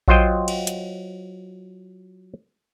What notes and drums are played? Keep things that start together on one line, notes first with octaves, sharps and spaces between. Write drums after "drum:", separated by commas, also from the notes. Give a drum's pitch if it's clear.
F#3 F4 C5 D#5 G5, drum: kick A#1
drum: cymbal
drum: hi-hat